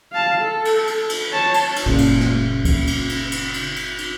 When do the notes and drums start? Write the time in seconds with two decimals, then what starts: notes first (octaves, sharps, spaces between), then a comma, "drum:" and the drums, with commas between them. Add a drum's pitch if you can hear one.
0.12 F5 A5
0.41 A4
0.65 drum: cymbal
0.87 drum: cymbal
1.09 drum: cymbal
1.32 C#5 A5
1.54 drum: cymbal
1.76 drum: cymbal
1.86 F#1 A#2 C#3
1.98 drum: cymbal
2.21 drum: snare
2.65 drum: kick, cymbal
2.87 drum: cymbal
3.09 drum: cymbal
3.32 drum: cymbal
3.54 drum: cymbal
3.76 drum: cymbal
3.98 drum: cymbal